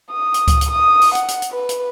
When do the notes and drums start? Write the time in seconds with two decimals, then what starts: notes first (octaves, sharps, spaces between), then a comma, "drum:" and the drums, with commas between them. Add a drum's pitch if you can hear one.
0.12 D#6
0.34 drum: hi-hat
0.48 drum: kick C#2, hi-hat
0.61 drum: hi-hat
0.70 D#6
1.02 drum: open hi-hat
1.15 F#5, drum: hi-hat
1.28 drum: hi-hat
1.42 drum: hi-hat
1.52 B4
1.69 drum: hi-hat